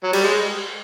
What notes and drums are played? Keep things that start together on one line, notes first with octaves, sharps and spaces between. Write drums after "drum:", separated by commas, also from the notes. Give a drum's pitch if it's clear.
F#3
G3, drum: cymbal
G#3